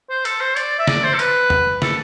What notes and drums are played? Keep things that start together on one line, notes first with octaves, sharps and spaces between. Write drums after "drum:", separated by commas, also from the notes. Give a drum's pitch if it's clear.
C5
A4, drum: hi-hat
C5
D5, drum: hi-hat
E5
D5, drum: snare
C5
A4
B4, drum: hi-hat
drum: tom
A4, drum: snare